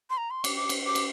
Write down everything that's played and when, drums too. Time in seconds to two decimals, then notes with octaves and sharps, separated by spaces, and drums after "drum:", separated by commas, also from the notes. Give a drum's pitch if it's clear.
0.10 C6
0.17 A#5
0.30 C6
0.44 D6, drum: cymbal
0.56 D6
0.69 drum: cymbal
0.86 D6
0.95 drum: cymbal